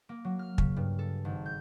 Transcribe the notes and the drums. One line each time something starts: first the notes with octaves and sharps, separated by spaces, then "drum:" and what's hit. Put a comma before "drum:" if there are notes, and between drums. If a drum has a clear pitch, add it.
A#3
F#3
F6
C#3, drum: kick
G2
A4
G#1
G6